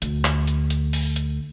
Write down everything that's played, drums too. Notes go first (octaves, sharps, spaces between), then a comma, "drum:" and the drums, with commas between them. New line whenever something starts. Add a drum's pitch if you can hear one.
D2, drum: hi-hat
drum: clap
drum: hi-hat
drum: hi-hat
drum: open hi-hat
drum: hi-hat